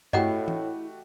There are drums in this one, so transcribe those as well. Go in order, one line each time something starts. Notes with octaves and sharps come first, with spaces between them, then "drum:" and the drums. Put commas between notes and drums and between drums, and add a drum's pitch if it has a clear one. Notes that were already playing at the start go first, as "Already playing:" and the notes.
A2 A3 E4 F#4 G4 D#5 F#5 G5, drum: tom G2
drum: tom E3